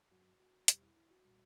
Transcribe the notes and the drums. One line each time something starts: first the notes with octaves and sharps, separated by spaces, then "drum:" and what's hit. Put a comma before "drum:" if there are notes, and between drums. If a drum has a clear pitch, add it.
G2 F#3 F#4
F#4
E2 B2 G3 G4, drum: hi-hat
E4
E4
F#4
A#2 G3